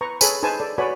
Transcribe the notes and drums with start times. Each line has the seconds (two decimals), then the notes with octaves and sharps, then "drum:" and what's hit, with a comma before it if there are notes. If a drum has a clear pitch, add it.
0.01 B4 A#5 C#6
0.21 G#4 A4 B4 C#5 G#5 B5, drum: tambourine
0.43 D#4 G#4 B4 C5 G#5 A5
0.60 A4 D5
0.78 F#4 B4 C#5 D5 G#5 B5